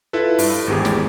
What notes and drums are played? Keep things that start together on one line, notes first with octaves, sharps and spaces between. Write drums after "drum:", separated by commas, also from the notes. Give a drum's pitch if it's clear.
E4 F4 A4 B4
G2, drum: open hi-hat
G#1 E2 G4 G#4
drum: snare